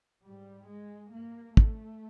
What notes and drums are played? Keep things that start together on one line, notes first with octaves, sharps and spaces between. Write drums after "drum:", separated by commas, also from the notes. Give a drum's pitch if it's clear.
G#2 G3
G#3
G2 A#3
A3, drum: kick